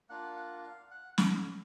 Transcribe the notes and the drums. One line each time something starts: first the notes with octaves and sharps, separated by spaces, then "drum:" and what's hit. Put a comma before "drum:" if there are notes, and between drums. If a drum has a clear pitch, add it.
A#3 D4 F4 F#5
F#5
F5
F#5
drum: snare